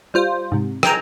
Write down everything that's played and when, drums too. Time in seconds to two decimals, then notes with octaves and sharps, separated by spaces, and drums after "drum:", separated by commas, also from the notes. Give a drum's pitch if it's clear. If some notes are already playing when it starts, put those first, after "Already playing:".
0.14 G3 F4 C5
0.52 G#2 C3
0.83 G5 G#5 A#5, drum: rim click